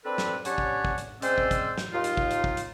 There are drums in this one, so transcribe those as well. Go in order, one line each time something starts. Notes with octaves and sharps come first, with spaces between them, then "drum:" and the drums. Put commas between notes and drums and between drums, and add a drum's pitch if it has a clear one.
C4 D4 A4 B4
drum: snare
C#4 D4 G4 C#5 D5 F#5, drum: hi-hat
drum: kick
drum: kick
drum: hi-hat
G#3 C4 C#4 C5 D5 E6, drum: hi-hat
drum: kick
drum: kick, hi-hat
drum: snare
D#2 D#4 F4
drum: hi-hat
drum: kick
drum: hi-hat
drum: kick
drum: hi-hat